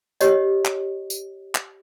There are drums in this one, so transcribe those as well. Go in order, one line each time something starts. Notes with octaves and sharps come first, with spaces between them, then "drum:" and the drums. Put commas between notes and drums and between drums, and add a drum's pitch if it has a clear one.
G4 C#5 D#5, drum: tambourine
drum: clap
drum: tambourine
drum: clap